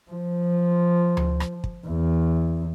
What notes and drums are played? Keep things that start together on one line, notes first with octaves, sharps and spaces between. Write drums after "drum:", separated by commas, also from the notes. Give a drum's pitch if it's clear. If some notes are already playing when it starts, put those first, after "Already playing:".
F3
drum: tom D2
drum: rim click
drum: kick
E2